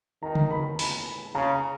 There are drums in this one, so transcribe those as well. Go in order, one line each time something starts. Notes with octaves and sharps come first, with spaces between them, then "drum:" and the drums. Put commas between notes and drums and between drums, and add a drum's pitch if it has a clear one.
D#3 A#5
drum: tom C#3
B5
B5, drum: open hi-hat
C#3 A#5